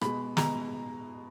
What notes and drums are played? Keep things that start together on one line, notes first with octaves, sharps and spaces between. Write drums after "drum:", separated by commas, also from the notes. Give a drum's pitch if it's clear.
B2 G#3 B5, drum: rim click
B2 G#3 A#5, drum: snare